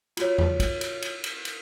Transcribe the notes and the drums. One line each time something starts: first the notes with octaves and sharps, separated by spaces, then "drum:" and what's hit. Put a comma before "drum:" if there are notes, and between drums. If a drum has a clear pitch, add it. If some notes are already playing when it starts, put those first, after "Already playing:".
F4 F#4 C#5, drum: cymbal
drum: tom
drum: kick, cymbal
drum: cymbal
drum: cymbal
drum: cymbal
drum: cymbal